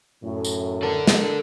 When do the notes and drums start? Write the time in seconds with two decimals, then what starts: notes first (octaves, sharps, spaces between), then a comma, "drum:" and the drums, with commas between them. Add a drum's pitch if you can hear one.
0.24 F#2 A2
0.45 drum: tambourine
0.83 A4 A#4 D5 A5
1.07 drum: snare